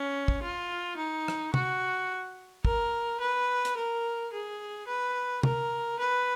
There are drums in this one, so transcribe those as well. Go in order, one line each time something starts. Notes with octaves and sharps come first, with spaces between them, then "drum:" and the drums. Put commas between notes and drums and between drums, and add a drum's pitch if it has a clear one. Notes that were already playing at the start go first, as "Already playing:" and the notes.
Already playing: C#4
drum: kick
F4
D#4
drum: rim click
F#4, drum: tom
A#4, drum: kick
B4
drum: hi-hat
A#4
G#4
B4
A#4, drum: tom
B4